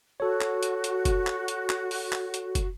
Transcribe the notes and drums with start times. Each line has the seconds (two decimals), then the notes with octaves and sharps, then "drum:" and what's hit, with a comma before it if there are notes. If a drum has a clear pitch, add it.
0.20 F#4 A4 C#5
0.41 drum: clap
0.63 drum: hi-hat
0.84 drum: hi-hat
1.05 drum: kick, hi-hat
1.27 drum: clap
1.48 drum: hi-hat
1.70 drum: clap
1.91 drum: open hi-hat
2.12 drum: clap
2.34 drum: hi-hat
2.55 drum: kick, hi-hat